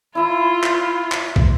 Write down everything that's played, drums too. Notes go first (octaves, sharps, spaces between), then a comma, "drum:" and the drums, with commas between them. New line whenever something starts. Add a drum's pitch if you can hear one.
E4 F4 E5 A#5
drum: clap
drum: clap
drum: kick